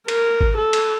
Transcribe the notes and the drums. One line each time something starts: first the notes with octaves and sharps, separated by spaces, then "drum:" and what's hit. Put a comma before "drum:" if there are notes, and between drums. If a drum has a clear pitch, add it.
A#4, drum: cymbal
drum: kick G#1
A4
drum: cymbal